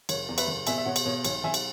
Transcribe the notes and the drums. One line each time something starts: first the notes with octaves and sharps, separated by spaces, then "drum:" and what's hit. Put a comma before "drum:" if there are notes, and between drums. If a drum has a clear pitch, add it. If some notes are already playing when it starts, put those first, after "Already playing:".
F#1 C#5, drum: cymbal
E2
B4 E5, drum: cymbal
F#1
B2 E5 G#5, drum: cymbal
E5
B2 C#5 F#5
drum: cymbal
B2 C#5
B1 C#5, drum: cymbal
B1 E5 G#5
drum: cymbal